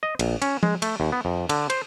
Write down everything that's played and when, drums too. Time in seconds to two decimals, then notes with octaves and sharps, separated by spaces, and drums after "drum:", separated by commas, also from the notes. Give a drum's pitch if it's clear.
0.03 D#5
0.19 A#1, drum: cymbal
0.42 C#4, drum: cymbal
0.63 G#3, drum: tom F3
0.82 A3, drum: cymbal
1.00 D#2
1.12 B3
1.25 F2
1.49 D3, drum: cymbal
1.70 C5, drum: cymbal